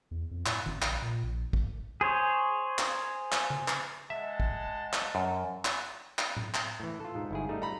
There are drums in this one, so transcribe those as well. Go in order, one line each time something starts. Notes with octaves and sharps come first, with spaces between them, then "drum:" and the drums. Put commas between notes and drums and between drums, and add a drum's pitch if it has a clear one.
E2
F2
A2, drum: clap
F#1, drum: tom D#3
A#1, drum: clap
A#2
A#1
drum: kick
G#4 C5 C#5
drum: clap
drum: clap
drum: tom C#3
drum: clap
G#3 E5 F#5 A5
drum: kick
drum: clap
F#2
drum: clap
drum: clap
drum: tom A2
drum: clap
A2 E3
F4 A4
G#2
G1 E4 G#4
G3 A3 D#4
A#5 B5